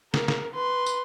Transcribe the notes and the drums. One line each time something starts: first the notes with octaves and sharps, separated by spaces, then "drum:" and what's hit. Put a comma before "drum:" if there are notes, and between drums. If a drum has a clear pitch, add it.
A#4, drum: snare
drum: snare
B4 C6
drum: tambourine